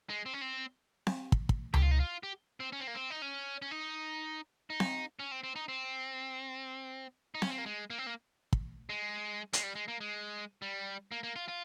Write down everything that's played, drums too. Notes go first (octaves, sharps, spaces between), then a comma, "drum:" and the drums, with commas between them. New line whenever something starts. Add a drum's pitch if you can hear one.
G#3
C4
C#4
C4
drum: snare C4
drum: kick
drum: kick
G4, drum: tom C#2
F4
D#4
F4
G4
C4
C#4
C4
A#3
C4
D#4
C#4
C#4
D#4
D#4
drum: snare C4
C#4
C4
C4
D#4
C4
D#4
C#4, drum: snare C4
C4
A#3
G#3
A#3
C4
A#3
drum: kick
G#3
G#3, drum: hi-hat
G3
G#3
A#3
G#3
G3
A#3
A#3
F4
F4